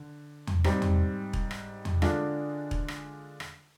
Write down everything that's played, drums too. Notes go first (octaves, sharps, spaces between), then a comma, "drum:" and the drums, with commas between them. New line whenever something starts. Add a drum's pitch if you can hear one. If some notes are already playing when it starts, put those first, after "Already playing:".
Already playing: D3
drum: tom E2
G#2 G3 C4, drum: rim click
drum: tom E2
drum: kick E1
drum: rim click
drum: tom E2
D3 G#3 D4 F4, drum: rim click
drum: kick E1
drum: rim click
drum: rim click